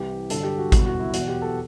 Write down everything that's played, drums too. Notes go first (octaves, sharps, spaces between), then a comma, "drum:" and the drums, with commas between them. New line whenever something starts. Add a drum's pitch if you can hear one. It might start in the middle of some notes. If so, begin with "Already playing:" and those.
Already playing: C2 C3 E3 G4
G2 D3 F#3 A4, drum: hi-hat
G4
F#4
C2 B2 F#3 F#4, drum: kick G#1, hi-hat
F#4
E4
E2 B2 F#3 F#4, drum: hi-hat
G4
A4